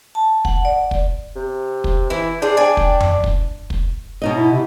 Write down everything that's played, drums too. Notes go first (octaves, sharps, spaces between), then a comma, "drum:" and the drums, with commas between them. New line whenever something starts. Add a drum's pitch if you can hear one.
A5
F#5, drum: kick
D5
drum: kick
C3
drum: kick
E3 E4
D4 G#4 C5
D5 G5 G#5
drum: kick
drum: tom F2
drum: kick
drum: kick
B2 D#4 D#5
E4
C3